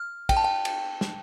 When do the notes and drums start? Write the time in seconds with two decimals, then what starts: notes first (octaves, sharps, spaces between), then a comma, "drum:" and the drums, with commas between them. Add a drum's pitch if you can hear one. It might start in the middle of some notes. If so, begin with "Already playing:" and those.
Already playing: F6
0.29 G5, drum: kick, cymbal
0.37 A5
0.44 G5
0.65 drum: cymbal
1.01 drum: snare